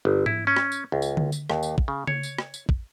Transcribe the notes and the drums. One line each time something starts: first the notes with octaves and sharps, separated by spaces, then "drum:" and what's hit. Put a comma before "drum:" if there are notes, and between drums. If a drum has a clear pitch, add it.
G1
E4, drum: tom G#2
C#4
drum: rim click
drum: tambourine
C#2
drum: tambourine
drum: tom D3
drum: tambourine
D#2, drum: rim click
drum: tambourine
drum: kick
C#3
C#5, drum: tom C#3
drum: tambourine
drum: rim click
drum: tambourine
drum: kick